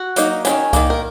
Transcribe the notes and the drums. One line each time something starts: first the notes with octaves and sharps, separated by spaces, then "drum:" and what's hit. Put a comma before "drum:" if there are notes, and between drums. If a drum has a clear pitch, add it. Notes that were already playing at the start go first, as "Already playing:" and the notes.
Already playing: F#4
F#3 A#3 D#4, drum: hi-hat
D#3 F#3 C#4, drum: hi-hat
D#3 F#3 A#3, drum: kick C2, hi-hat
A#4